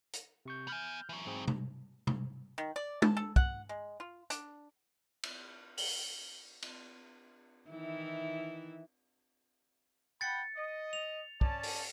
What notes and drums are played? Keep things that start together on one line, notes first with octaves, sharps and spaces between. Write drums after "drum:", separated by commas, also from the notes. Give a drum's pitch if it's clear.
drum: hi-hat
C3 C#6 G6
B3 G#5 F6 G6
E3 F#3
G#2 C4 G#4
drum: tom C3
drum: tom C3
D#3
D5
A5, drum: tom
A4
F#5, drum: kick
G#3
F4
D4, drum: hi-hat
drum: cymbal
F#7 G7, drum: open hi-hat
drum: cymbal
D#3 E3 E4
F#5 G5 B5 A6 C#7
D#5
F7
C#4 D5 A5, drum: kick
drum: open hi-hat